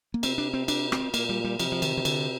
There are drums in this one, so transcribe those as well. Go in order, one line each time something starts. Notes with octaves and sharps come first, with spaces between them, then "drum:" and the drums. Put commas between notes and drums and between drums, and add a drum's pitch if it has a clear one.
A#3
C3 C4, drum: cymbal
D4
C4
D4, drum: cymbal
C4, drum: rim click
A#2 A#3, drum: cymbal
G3
G3
C3 F3, drum: cymbal
F3
D#3, drum: cymbal
D#3
D3, drum: cymbal